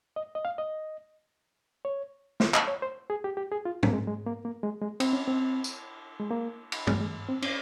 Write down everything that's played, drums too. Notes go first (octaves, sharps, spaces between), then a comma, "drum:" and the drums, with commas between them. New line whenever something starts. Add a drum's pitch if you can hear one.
D#5
D#5
F5
D#5
C#5
C5, drum: snare
D#5, drum: clap
C#5
C5
G#4
G4
G4
G#4
F4
A#3, drum: tom G#2
G#3
G#3
A#3
A#3
G#3
G#3
C4, drum: cymbal
C#4
C4
drum: tambourine
G#3
A#3
drum: cymbal
G#3, drum: tom G2
G#3
C4
C#4, drum: cymbal